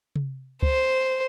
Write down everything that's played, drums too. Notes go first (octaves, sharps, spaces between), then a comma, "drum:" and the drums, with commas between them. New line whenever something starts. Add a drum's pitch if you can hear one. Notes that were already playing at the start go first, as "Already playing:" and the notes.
drum: tom C3
C5, drum: kick C#2